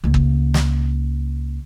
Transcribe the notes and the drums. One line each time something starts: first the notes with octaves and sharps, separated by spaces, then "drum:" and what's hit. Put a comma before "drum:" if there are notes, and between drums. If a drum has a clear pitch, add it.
C#2 A#3
drum: kick
drum: snare